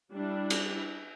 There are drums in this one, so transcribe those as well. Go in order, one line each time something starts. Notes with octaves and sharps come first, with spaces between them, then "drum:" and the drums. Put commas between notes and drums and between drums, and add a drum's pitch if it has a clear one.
G3 D4 E4
drum: cymbal